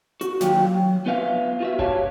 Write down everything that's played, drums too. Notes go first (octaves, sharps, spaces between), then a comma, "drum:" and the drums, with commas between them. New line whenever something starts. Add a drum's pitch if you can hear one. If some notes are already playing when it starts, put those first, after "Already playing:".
F#4, drum: hi-hat
D#2 F#3 F4 G4 G5, drum: snare
F#3
B3 F4 B4 E5 F5
F4 F#4 E5
G4 C#5 F5 A5, drum: kick F#1